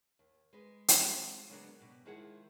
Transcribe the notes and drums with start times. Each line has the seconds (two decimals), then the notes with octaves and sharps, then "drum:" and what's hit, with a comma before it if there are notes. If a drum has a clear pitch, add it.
0.19 D#2
0.53 G#3 B4
0.88 drum: hi-hat
1.04 F3 G#3 C4 F4
1.49 C#3 F#3 G#3 A#3 B3 D4
1.80 B2 G3
2.05 D#3 F3 G#3 E4 G#4 F#5